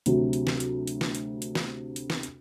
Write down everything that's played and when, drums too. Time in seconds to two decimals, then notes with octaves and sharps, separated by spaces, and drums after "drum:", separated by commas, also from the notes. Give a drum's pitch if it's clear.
0.06 D2 C3 F#3, drum: hi-hat
0.33 drum: hi-hat
0.47 drum: snare
0.60 drum: hi-hat
0.87 drum: hi-hat
1.01 drum: snare
1.15 drum: hi-hat
1.42 drum: hi-hat
1.55 drum: snare
1.96 drum: hi-hat
2.10 drum: snare
2.23 drum: hi-hat